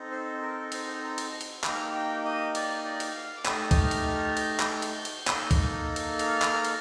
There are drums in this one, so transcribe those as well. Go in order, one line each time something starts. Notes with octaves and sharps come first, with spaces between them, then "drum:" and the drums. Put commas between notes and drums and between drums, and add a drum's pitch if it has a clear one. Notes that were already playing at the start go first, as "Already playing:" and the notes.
Already playing: C4 D#4 A4
C5
A#4
C5, drum: cymbal
A#5
drum: cymbal
drum: cymbal
A#3 D#4 G4 F6, drum: clap
G5
D#5
D5, drum: cymbal
D5
drum: cymbal
F5
D6
A3 D#4 G4 D#6, drum: clap
D#6, drum: kick, cymbal
F6
drum: cymbal
F6
G6, drum: cymbal
drum: clap
drum: cymbal
drum: cymbal
A#3 D#4 A4, drum: clap
drum: kick, cymbal
drum: cymbal
F6, drum: cymbal
drum: clap
drum: cymbal